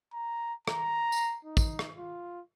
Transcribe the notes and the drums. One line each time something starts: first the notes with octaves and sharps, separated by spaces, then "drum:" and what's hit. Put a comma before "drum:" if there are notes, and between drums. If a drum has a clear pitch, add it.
A#5
A#5, drum: rim click
drum: tambourine
D#4
drum: kick, tambourine
drum: rim click
F4